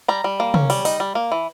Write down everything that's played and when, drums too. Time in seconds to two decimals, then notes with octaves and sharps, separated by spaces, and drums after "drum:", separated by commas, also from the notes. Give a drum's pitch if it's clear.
0.08 G3 A#5
0.24 G3
0.40 A#3
0.54 C#4, drum: tom
0.70 G3, drum: open hi-hat
0.85 D#4, drum: open hi-hat
1.00 G3
1.15 A#3
1.32 E3